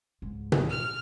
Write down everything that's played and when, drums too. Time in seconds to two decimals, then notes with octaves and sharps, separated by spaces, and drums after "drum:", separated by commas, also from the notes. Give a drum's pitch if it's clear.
0.22 C#2 G#2
0.52 drum: tom B2
0.70 F6